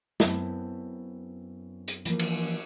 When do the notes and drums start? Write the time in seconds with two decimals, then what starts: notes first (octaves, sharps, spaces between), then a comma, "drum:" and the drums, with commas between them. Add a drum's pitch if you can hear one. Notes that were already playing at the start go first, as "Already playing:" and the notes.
0.20 F#2 B3 C4 E4 A5, drum: snare
1.88 drum: hi-hat
2.05 E3 F3 A#3, drum: hi-hat
2.19 drum: cymbal